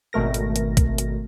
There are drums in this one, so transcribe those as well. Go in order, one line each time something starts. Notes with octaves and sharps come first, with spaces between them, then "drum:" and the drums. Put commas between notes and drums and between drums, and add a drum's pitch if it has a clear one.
G#1 B2 A3 A#4 A#6
drum: hi-hat
drum: hi-hat
drum: kick, hi-hat
drum: hi-hat